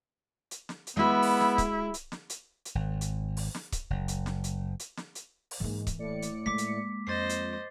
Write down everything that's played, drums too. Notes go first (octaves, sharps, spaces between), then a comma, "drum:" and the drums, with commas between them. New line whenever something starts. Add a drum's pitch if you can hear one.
drum: hi-hat
drum: snare
drum: hi-hat
G#3 B3 E4 F#4
drum: open hi-hat
drum: snare
drum: kick C#1, hi-hat
drum: hi-hat
drum: snare
drum: hi-hat
drum: hi-hat
G#1
drum: hi-hat
drum: open hi-hat
drum: snare
drum: kick C#1, hi-hat
F#1
drum: hi-hat
drum: snare
drum: hi-hat
drum: hi-hat
drum: snare
drum: hi-hat
drum: open hi-hat
G#2 E3 A#3
drum: kick C#1, hi-hat
A2 D5 C#7
drum: hi-hat
G#3 A#3 D6 B6
drum: hi-hat
F2 C5 D#5 A6 C7
drum: hi-hat